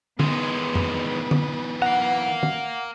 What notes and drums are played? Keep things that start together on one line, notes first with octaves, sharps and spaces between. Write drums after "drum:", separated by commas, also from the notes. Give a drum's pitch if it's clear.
D#2 E3 G#3 B3 D#4 B4, drum: tom
drum: tom F2
drum: tom
F5 F#5 A#5
drum: tom